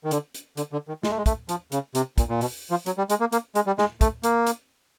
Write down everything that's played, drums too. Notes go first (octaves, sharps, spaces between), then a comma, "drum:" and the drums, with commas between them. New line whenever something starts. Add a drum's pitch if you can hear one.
D#3
D3, drum: hi-hat
drum: hi-hat
D3, drum: hi-hat
D3
D#3
G#3, drum: snare
A3
G#3
A3, drum: kick, hi-hat
F3, drum: hi-hat
C#3, drum: hi-hat
C3, drum: hi-hat
A#2, drum: kick, hi-hat
A#2
B2, drum: open hi-hat
F3
F#3, drum: hi-hat
G3
G#3, drum: hi-hat
A#3
A#3, drum: hi-hat
G#3, drum: hi-hat
G3
G#3, drum: snare
A3, drum: kick, hi-hat
A#3, drum: hi-hat
drum: hi-hat